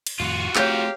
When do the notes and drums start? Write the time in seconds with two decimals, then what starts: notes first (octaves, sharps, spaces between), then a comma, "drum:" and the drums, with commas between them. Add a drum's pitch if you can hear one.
0.07 drum: cymbal
0.20 F2 A2 D#3 F4 F#4
0.56 A3 C4 G4 G#4 C#5 F5 A#5, drum: clap